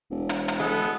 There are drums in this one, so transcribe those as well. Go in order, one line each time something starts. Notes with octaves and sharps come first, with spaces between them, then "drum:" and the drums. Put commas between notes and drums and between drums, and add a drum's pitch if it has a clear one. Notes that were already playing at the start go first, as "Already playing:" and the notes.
E1
drum: hi-hat
drum: hi-hat
G#3 B3 A4